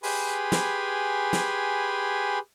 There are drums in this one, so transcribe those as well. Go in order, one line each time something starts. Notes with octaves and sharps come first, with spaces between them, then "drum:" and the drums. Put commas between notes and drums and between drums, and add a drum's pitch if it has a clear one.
G4 G#4 B4 G#5 B5 C6, drum: open hi-hat
drum: snare
drum: snare